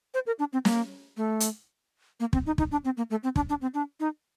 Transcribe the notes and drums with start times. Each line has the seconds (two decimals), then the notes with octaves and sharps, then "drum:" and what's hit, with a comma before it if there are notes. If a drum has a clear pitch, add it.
0.14 C5
0.26 A#4
0.39 D4
0.53 C4
0.65 A#3, drum: snare
1.17 A3
1.40 drum: hi-hat
2.20 A#3
2.33 C4, drum: kick
2.46 D#4
2.58 D#4, drum: kick
2.71 D4
2.85 C4
2.97 A#3
3.10 A3
3.23 C4
3.36 D4, drum: kick
3.49 D4
3.61 C4
3.74 D4
4.00 D#4